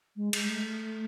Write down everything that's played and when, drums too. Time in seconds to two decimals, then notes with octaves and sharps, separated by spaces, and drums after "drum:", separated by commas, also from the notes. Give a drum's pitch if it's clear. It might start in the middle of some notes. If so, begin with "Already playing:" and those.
0.16 G#3
0.33 G#3, drum: cymbal
0.49 A3